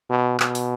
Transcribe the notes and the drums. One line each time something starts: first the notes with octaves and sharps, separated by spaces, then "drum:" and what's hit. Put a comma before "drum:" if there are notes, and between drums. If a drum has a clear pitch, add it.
B2
B2, drum: clap
drum: open hi-hat